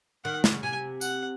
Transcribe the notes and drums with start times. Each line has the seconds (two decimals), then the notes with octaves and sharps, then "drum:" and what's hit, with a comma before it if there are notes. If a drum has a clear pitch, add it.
0.24 D#3 F#5
0.44 C#3, drum: snare
0.63 C3 G#5
1.01 F#5, drum: tambourine